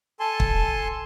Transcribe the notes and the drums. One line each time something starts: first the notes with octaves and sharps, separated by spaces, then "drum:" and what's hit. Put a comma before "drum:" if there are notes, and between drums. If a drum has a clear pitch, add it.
A4 G#5 A5 C6
drum: kick